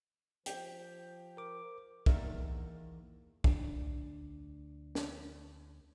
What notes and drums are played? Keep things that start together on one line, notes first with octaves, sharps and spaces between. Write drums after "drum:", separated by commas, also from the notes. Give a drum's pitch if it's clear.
F3 G4, drum: hi-hat
A#4 D6
E2 D#3 A3 A#3 D5 E5, drum: kick B1
D2 D4, drum: kick B1
drum: snare